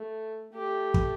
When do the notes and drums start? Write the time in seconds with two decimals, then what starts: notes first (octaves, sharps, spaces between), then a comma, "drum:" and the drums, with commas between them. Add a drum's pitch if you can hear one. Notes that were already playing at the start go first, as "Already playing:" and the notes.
Already playing: A3
0.54 A3 G4
0.94 drum: kick